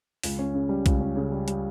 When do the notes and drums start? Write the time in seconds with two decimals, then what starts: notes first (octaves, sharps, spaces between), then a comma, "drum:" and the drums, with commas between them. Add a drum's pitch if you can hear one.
0.23 C#2, drum: open hi-hat
0.39 C#4
0.54 C#3
0.69 G3
0.86 C#2, drum: kick B1, hi-hat
1.00 C#4
1.16 C#3
1.32 G3
1.48 G3, drum: hi-hat